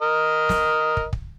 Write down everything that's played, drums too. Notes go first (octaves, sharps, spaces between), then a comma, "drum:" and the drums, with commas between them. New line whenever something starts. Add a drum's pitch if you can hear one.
A#4 D#5
drum: snare
drum: kick
drum: kick